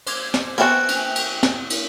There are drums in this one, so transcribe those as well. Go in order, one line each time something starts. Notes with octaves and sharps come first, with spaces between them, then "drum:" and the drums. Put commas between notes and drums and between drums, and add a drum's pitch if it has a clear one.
C5 D6 G#6, drum: cymbal
drum: snare
B3 C4 F#4 A4 A#4 E5 G5 G#5
drum: cymbal
drum: cymbal
drum: snare
drum: cymbal